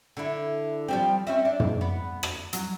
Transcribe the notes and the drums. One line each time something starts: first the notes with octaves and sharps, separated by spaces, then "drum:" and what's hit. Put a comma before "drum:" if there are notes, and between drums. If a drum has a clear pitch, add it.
D3 E4
F3 G3 C4
C4 C#4 E5
D4
drum: tom
B3
drum: rim click
F#3, drum: hi-hat